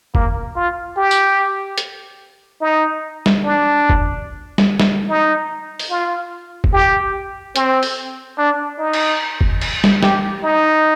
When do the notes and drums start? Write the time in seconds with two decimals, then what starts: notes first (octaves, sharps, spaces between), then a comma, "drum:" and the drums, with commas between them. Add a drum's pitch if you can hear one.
0.15 A#3, drum: kick
0.56 F4
0.97 G4
1.11 drum: tambourine
1.78 drum: hi-hat
2.61 D#4
3.26 drum: snare
3.44 D4
3.90 drum: kick
4.58 drum: snare
4.80 drum: snare
5.09 D#4
5.79 drum: open hi-hat
5.90 F4
6.64 drum: kick
6.73 G4
7.56 C4, drum: hi-hat
7.83 drum: open hi-hat
8.38 D4
8.79 D#4
8.93 drum: cymbal
9.41 drum: kick
9.61 drum: cymbal
9.84 drum: snare
10.03 G4, drum: snare
10.44 D#4